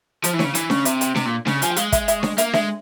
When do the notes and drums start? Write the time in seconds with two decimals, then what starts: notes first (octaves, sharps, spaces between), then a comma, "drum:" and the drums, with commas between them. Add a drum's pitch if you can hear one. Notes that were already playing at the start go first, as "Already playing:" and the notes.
0.24 F3 C5, drum: hi-hat
0.34 E3
0.39 C#5, drum: snare D4
0.44 C#3
0.55 E3, drum: hi-hat
0.70 C#3, drum: snare D4
0.85 C3 E5, drum: hi-hat
1.01 G5, drum: hi-hat
1.15 C3, drum: snare D4
1.26 A#2
1.47 C#3, drum: snare D4
1.62 F3 G#5, drum: hi-hat
1.70 G5
1.76 G#3 F5, drum: hi-hat
1.92 E5, drum: kick, hi-hat
2.08 E5, drum: hi-hat
2.23 C#5, drum: snare D4
2.38 A#3 E5, drum: hi-hat
2.53 G#3 E5, drum: snare D4